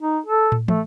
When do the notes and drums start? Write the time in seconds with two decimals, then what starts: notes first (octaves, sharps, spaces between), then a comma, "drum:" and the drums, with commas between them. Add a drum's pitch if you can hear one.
0.01 D#4
0.26 A4
0.52 drum: tom
0.68 A3, drum: tom